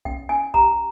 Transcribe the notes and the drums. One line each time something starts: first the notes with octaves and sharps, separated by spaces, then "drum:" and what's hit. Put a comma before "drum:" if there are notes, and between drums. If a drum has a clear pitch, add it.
C#4 G5, drum: kick B1
C#4 G#5
G4 A#5, drum: kick B1